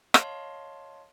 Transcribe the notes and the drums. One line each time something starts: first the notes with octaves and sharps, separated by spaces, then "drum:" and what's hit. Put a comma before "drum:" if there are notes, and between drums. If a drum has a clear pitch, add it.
C#5 D#5 F5 A5 C6, drum: rim click